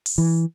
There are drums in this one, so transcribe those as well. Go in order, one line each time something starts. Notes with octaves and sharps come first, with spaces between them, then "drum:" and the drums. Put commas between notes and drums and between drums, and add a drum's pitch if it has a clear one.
drum: open hi-hat
E3